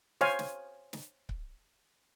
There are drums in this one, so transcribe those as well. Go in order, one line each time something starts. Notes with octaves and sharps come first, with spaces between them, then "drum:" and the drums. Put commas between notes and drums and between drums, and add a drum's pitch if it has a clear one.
C5 C#5 F5 G#5, drum: snare
drum: snare
drum: snare
drum: kick C#1